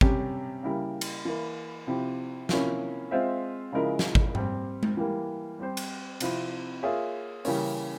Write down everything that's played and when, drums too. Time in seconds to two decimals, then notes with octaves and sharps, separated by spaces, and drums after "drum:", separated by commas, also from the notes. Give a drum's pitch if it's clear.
0.01 C3 G3 C#4 G4, drum: kick
0.63 C#3 G3 A#3 E4 A#4
1.01 drum: cymbal
1.25 E3 A#3 E4
1.87 C3 F3 C4 E4 G4
2.49 C3 F3 A#3 C#4 E4, drum: snare
3.11 G#3 C4 F4 C5 E5
3.72 C#3 F3 G#3 E4 A#4
3.99 drum: snare
4.15 drum: kick
4.35 G3 C4 G4, drum: tom G#2
4.83 drum: tom G#3
4.97 E3 G3 A#3
5.59 G3 C4 G4 C5
5.77 drum: cymbal
6.20 C3 F3 C4 E4, drum: cymbal
6.83 A#3 F4 G#4 C#5 E5
7.45 C#3 E3 G3 A#3 C#4, drum: open hi-hat